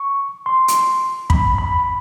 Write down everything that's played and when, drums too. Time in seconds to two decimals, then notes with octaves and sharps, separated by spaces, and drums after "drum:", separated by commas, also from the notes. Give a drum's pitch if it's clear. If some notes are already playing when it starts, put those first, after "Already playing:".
Already playing: C#6
0.46 C6
0.68 drum: hi-hat
1.30 B5, drum: kick
1.58 B5